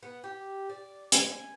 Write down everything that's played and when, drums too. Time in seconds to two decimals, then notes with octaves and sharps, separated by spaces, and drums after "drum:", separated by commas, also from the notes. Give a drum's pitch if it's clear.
0.03 B3
0.24 G4
0.70 D5
1.12 G#5, drum: hi-hat